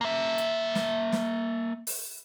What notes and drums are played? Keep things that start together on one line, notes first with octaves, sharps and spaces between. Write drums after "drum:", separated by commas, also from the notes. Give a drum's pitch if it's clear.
A#3 E5
drum: hi-hat
drum: snare
drum: snare
drum: open hi-hat